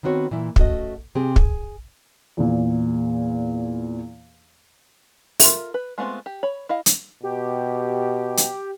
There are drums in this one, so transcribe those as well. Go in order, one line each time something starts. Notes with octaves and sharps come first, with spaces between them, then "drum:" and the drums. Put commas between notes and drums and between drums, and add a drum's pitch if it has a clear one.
D#3 B3 C4 F#4 C#5
A#2 E3 E4
A3 C#4 F#4 D#5, drum: kick
C3 C4 G4 G#4
G#4, drum: kick
E2 A#2
F4 A4 A#4 E5, drum: open hi-hat
B4
G#3 A3 B3 C4 F4
G4
C#5 B5
E4 D#5 F5
drum: hi-hat
B2 G4
drum: hi-hat